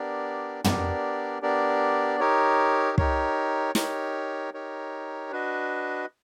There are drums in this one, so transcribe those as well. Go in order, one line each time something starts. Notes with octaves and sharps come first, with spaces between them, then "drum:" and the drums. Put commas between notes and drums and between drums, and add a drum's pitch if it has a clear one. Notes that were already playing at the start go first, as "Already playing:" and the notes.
Already playing: B3 D4 G4 A#4 D5
B3 D4 G4 A#4 D5, drum: tom
B3 D4 G4 A#4 D5
D#4 G4 A#4 C#5
D#4 G4 A#4 C#5, drum: kick
D#4 G4 A#4 C#5, drum: snare
D#4 G4 A#4 C#5
D4 F#4 B4 D#5